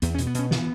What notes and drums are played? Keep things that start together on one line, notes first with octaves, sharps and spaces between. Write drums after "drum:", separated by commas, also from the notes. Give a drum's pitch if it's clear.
E2 B3, drum: hi-hat
C#4
B2, drum: hi-hat
B3
B2 C#4, drum: hi-hat
B3, drum: snare